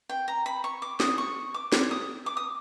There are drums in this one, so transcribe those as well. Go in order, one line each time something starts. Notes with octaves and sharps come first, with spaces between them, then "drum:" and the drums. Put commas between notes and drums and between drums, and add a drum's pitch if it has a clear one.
G5
A#5
B5
C#6
D6
D#6, drum: snare
C#6
D6
drum: snare
D#6
D6
D#6